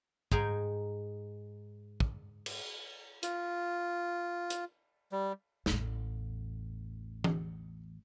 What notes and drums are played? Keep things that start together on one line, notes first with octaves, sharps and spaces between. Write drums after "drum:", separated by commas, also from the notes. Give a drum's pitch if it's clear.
G#2 D#4 G#4 G5 A#5, drum: kick
drum: kick
drum: cymbal
F4, drum: hi-hat
drum: hi-hat
G3
A1 E2, drum: snare
drum: tom E3